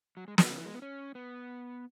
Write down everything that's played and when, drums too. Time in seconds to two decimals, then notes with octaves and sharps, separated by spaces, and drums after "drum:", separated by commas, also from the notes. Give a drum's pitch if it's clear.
0.17 F#3
0.28 G#3
0.38 F#3, drum: snare
0.49 C#3
0.57 E3
0.65 G#3
0.74 B3
0.82 C#4
1.15 B3